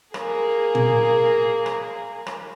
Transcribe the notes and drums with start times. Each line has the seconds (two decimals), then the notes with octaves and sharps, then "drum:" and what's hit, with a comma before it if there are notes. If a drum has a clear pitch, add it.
0.14 A#3 G#4, drum: rim click
0.75 drum: tom A#2
1.66 drum: rim click
2.26 drum: rim click